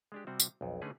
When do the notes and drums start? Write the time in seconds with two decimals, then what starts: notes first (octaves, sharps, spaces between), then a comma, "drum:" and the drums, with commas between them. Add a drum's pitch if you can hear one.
0.12 G#3 D4 G4
0.27 C3 G3 C4 F#4
0.40 drum: tambourine
0.61 B1 F2
0.82 D3 A3 C#4 D#4 G#4 B4